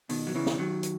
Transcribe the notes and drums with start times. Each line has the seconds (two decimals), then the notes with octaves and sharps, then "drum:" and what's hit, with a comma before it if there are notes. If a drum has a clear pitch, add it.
0.09 B2 D#3, drum: open hi-hat
0.27 F#3
0.35 C#3 E3
0.46 drum: snare
0.58 D#3 F#3
0.83 drum: hi-hat